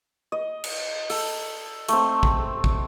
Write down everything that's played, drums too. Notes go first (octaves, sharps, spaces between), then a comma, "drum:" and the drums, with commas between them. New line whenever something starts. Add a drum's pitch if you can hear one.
D#5
drum: cymbal
A4, drum: open hi-hat
A3 C4, drum: hi-hat
drum: kick
drum: kick